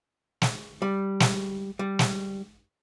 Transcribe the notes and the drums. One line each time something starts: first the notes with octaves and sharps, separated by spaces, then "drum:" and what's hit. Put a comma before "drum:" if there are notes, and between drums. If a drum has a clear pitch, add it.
drum: snare
G3
drum: snare
G3
drum: snare